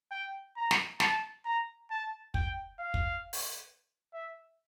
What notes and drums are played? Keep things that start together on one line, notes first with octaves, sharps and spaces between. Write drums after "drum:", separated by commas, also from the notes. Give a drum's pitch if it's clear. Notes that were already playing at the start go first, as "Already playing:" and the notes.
G5
A#5
drum: snare
A5, drum: snare
A#5
A5
G5, drum: kick
F5
drum: kick
drum: open hi-hat
E5